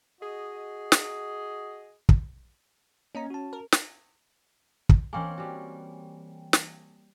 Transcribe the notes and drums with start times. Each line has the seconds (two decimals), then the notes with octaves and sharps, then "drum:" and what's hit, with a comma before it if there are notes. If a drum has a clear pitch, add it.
0.20 F#4 G#4 D#5
0.92 drum: snare
2.09 drum: kick
3.15 A#3 C#4 D#5 A#5
3.30 F#4 A5
3.53 A#4
3.72 drum: snare
4.89 drum: kick
5.13 E3 A#3 C4 C#4 G5 G#5
5.38 G3 F#4
6.53 drum: snare